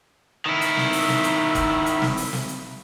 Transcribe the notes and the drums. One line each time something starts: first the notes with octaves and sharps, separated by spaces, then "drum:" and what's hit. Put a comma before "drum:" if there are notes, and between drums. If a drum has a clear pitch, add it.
D#3 E4
drum: hi-hat
drum: snare
drum: open hi-hat
drum: snare
drum: hi-hat
drum: kick F#1, hi-hat
drum: hi-hat
drum: snare
drum: open hi-hat
drum: snare
drum: hi-hat